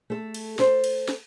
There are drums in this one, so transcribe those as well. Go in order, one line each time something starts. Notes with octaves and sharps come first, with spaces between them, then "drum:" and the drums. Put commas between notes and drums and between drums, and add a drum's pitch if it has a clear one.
A3 A4
drum: cymbal
A4 C5, drum: snare
drum: cymbal
drum: snare